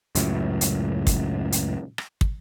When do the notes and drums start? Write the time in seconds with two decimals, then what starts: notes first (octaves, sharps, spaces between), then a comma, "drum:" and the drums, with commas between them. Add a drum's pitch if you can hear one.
0.15 C#2 F#2 A2, drum: hi-hat
0.61 drum: hi-hat
1.07 drum: kick, hi-hat
1.52 drum: hi-hat
1.98 drum: rim click
2.21 drum: kick